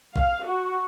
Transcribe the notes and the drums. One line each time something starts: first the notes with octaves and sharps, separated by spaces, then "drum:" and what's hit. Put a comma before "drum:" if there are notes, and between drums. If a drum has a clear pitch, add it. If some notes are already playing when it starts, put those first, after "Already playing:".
F5, drum: kick
F#4